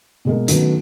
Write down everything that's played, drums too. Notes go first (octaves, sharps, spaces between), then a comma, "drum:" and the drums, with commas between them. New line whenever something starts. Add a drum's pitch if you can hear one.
B2 G#3 A#3
D#3 F#3 A3 B3 C#4, drum: hi-hat